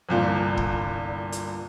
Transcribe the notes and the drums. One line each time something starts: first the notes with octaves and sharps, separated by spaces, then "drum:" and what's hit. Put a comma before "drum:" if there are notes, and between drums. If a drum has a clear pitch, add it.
G1 C2 A#2
drum: kick
drum: hi-hat